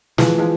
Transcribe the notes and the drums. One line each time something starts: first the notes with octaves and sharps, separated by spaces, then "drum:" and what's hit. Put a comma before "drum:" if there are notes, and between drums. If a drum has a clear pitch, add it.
E3 F3 G#3, drum: snare
F3 G#3